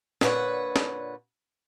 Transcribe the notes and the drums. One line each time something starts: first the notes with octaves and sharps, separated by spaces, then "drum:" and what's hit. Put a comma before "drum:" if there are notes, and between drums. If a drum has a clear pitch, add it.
A#2 D3 B4 C#5 F#5, drum: snare
drum: snare